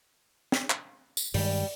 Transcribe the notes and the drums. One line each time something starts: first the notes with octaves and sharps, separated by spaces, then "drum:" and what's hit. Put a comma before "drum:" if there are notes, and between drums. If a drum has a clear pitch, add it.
drum: snare
drum: clap
drum: tambourine
G2 D#3 G3 G#3, drum: open hi-hat